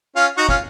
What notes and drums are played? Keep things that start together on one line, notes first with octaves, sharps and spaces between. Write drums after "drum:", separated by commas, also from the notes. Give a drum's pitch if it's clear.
C#4 F4
D#4 F#4
C#4 F4, drum: kick